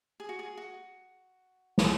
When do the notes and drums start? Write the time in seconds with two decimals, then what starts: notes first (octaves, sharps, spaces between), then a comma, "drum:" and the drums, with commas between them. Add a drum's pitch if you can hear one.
0.20 G#4
0.29 F#4
0.39 G#4
0.57 F#4
1.78 drum: snare